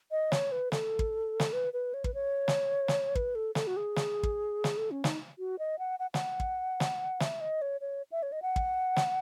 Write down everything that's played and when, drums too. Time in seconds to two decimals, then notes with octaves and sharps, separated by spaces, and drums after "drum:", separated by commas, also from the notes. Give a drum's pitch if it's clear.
0.11 D#5
0.32 C#5, drum: snare
0.52 B4
0.72 A4, drum: snare
0.99 drum: kick
1.40 drum: snare
1.53 B4
1.73 B4
1.94 C#5
2.04 B4, drum: kick
2.14 C#5
2.48 drum: snare
2.88 drum: snare
3.15 B4, drum: kick
3.35 A4
3.55 A4, drum: snare
3.67 F#4
3.77 G#4
3.96 drum: snare
4.23 drum: kick
4.64 drum: snare
4.78 A4
4.91 C#4
5.04 D#4, drum: snare
5.39 F#4
5.59 D#5
5.79 F#5
5.99 F#5
6.14 F#5, drum: snare
6.40 drum: kick
6.80 drum: snare
7.20 E5, drum: snare
7.41 D#5
7.62 C#5
7.81 C#5
8.12 E5
8.23 C#5
8.32 D#5
8.42 F#5
8.56 drum: kick
8.96 drum: snare